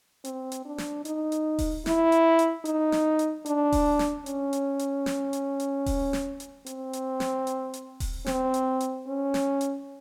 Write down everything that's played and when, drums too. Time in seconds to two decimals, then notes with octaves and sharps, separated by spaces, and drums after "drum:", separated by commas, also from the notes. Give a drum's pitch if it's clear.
0.25 C4, drum: hi-hat
0.52 drum: hi-hat
0.65 D4
0.78 drum: snare
1.05 D#4, drum: hi-hat
1.32 drum: hi-hat
1.59 drum: kick D#1, open hi-hat
1.86 E4, drum: snare
2.12 drum: hi-hat
2.39 drum: hi-hat
2.65 D#4, drum: hi-hat
2.92 drum: snare
3.19 drum: hi-hat
3.46 D4, drum: hi-hat
3.72 drum: kick D#1, open hi-hat
3.99 drum: snare
4.26 C#4, drum: hi-hat
4.53 drum: hi-hat
4.79 drum: hi-hat
5.06 drum: snare
5.33 drum: hi-hat
5.60 drum: hi-hat
5.86 drum: kick D#1, open hi-hat
6.13 drum: snare
6.40 drum: hi-hat
6.66 C4, drum: hi-hat
6.93 drum: hi-hat
7.20 drum: snare
7.47 drum: hi-hat
7.74 drum: hi-hat
8.00 drum: kick D#1, open hi-hat
8.26 C4, drum: snare
8.54 drum: hi-hat
8.80 drum: hi-hat
9.07 C#4
9.34 drum: snare
9.61 drum: hi-hat